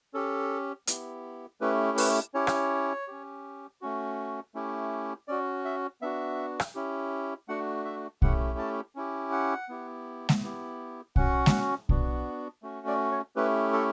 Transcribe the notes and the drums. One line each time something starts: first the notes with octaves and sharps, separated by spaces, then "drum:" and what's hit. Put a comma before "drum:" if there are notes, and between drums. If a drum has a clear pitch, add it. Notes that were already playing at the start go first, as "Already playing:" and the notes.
C#4 G4 A4
B3 E4 G4, drum: hi-hat
A3 C#4 E4 G4 B4
B4, drum: open hi-hat
C#4 E4 G4 C#5
drum: rim click
C#4 G4
A3 C#4 F#4
A3 C#4 E4 G4
C#4 F#4 D5
E5
B3 D4 F#4 E5
drum: rim click
C#4 E4 G4
A3 D4 F#4 F#5
E5
A3 C#4 E4 G4 F#5, drum: kick B1
A5
C#4 E4 G4
F#5
B3 E4 G4
drum: snare G#3
B3 E4 G4
C#4 F#4 F#5, drum: kick B1
drum: snare G#3
B3 D4 F#4, drum: kick B1
A3 C#4 F#4
D5
C#5
A3 C#4 E4 G4 B4
A4